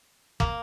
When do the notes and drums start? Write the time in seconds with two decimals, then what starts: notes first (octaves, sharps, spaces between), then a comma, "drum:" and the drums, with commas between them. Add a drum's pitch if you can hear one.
0.40 A#3, drum: kick